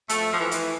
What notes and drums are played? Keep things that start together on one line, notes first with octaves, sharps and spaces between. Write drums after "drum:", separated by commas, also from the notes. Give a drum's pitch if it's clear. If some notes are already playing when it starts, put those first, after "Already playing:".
F2 A3, drum: hi-hat
F2 F3
E3
E3, drum: hi-hat